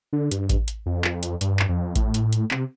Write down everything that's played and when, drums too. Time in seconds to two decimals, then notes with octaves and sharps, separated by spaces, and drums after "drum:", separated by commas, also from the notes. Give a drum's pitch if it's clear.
0.13 D3
0.31 G2, drum: hi-hat
0.49 drum: kick A1, hi-hat
0.68 drum: hi-hat
0.86 F2
1.04 drum: clap
1.23 drum: hi-hat
1.41 G2, drum: hi-hat
1.59 drum: clap
1.69 F2
1.96 A2, drum: kick A1, hi-hat
2.14 drum: hi-hat
2.33 drum: hi-hat
2.51 C3, drum: clap